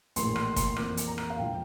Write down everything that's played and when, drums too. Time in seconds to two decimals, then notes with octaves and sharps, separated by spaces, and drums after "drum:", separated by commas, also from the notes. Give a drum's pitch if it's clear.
0.16 A#1 A2 E3 A#3 C6, drum: hi-hat
0.36 C6, drum: rim click
0.56 C6, drum: kick, hi-hat
0.76 F2 E3 A#3 D6, drum: rim click
0.97 drum: hi-hat
1.07 A#5
1.18 drum: rim click
1.30 F5
1.38 E1 D3 F3 G5